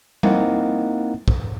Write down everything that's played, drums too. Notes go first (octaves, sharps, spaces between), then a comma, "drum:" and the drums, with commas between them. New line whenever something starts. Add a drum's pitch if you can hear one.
A#3 C4 D#4 E4 D#5 F#5, drum: tom G3
drum: kick